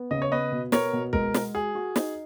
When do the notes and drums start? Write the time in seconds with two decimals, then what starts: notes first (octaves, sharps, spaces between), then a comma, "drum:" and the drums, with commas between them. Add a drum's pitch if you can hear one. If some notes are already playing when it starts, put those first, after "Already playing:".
Already playing: B3
0.11 C#3 D#5
0.22 C#5
0.31 B3 B4 D#5
0.52 B2
0.72 B3 A#4 C#5, drum: snare
0.93 B2
1.13 G#3 A#4, drum: kick
1.34 G#3, drum: snare
1.54 F#4 G#4
1.75 F#4
1.96 D#4, drum: snare